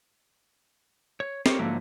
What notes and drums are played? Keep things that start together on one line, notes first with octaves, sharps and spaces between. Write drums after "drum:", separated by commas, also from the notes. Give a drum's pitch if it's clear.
C#5
C4 G4 A#4 C5 C#5, drum: snare
G#2 D3 F3 F#3 A3 A#3